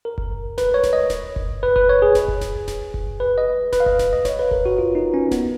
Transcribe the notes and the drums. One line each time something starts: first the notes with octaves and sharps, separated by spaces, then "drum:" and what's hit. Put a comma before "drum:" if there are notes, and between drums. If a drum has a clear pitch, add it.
A#4
drum: kick F#1
B4, drum: snare D#1
C#5
drum: snare D#1
D#5
drum: snare D#1
drum: kick F#1
B4
B4, drum: kick F#1
C#5
G#4
drum: snare D#1
drum: kick F#1
drum: snare D#1
drum: snare D#1
drum: kick F#1
B4
D#5
B4, drum: snare D#1
F5
D#5, drum: kick F#1
drum: snare D#1
D#5
C#5, drum: snare D#1
B4
A#4, drum: kick F#1
F#4
F4
D#4
C#4
B3, drum: snare D#1